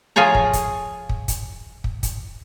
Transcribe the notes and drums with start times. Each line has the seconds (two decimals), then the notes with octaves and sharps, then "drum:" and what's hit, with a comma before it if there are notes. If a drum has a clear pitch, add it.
0.16 F3 F4 G#4 C#5 A#5
0.35 drum: kick
0.53 drum: kick, hi-hat
1.09 drum: kick
1.28 drum: kick, hi-hat
1.84 drum: kick
2.03 drum: kick, hi-hat